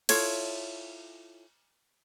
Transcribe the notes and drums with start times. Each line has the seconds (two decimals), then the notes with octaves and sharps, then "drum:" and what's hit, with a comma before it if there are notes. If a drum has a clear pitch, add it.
0.09 E4 F4 A4 C#5, drum: cymbal